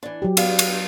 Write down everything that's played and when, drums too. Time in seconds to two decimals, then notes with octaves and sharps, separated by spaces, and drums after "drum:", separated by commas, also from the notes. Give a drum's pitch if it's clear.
0.03 E3 D4
0.22 F#3 G4
0.37 B3 D4 F5, drum: cymbal
0.59 drum: cymbal